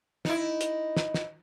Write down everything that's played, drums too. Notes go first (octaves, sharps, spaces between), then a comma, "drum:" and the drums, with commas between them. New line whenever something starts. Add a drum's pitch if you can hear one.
D#4 E4, drum: snare
drum: hi-hat
drum: snare
drum: snare